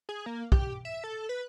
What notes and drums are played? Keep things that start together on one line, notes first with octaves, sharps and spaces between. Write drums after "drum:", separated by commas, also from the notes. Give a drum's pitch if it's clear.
G#4
A#3
G4, drum: kick
E5
A4
B4